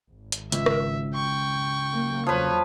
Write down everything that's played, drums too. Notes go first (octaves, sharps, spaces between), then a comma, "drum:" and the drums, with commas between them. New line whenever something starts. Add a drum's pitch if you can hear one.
G#1
drum: hi-hat
C#2 E5, drum: hi-hat
drum: rim click
G5 C#6
F#3 A#3
E2 F3 F#3 B4 C#5